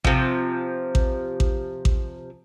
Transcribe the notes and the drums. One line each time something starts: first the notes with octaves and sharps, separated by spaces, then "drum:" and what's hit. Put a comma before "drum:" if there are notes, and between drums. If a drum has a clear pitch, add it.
C3 F3, drum: kick A1
drum: kick A1
drum: kick A1
drum: kick A1